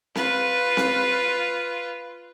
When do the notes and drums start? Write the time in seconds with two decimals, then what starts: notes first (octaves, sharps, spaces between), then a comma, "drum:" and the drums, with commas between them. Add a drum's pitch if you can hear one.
0.15 F4 B4, drum: snare C4
0.77 drum: snare C4